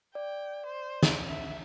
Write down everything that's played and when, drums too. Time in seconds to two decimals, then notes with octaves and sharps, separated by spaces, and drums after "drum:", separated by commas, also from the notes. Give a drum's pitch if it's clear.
0.15 D5 G5
0.66 C5
1.03 drum: snare
1.27 E5